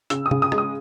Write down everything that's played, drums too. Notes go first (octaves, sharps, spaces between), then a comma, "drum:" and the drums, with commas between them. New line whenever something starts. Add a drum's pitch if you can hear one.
C#3 E6, drum: hi-hat
D#6
C#3, drum: tom
D#6
G#3, drum: rim click
D#6